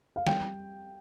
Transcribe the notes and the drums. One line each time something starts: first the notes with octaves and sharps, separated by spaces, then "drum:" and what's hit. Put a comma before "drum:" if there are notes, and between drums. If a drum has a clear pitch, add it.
F5
G3 G5, drum: snare